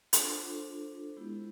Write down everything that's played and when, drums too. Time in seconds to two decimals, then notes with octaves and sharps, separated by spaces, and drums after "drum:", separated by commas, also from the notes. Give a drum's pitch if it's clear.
0.13 D4 F4 A4 C5, drum: hi-hat
1.17 G#3 B3 E4 G4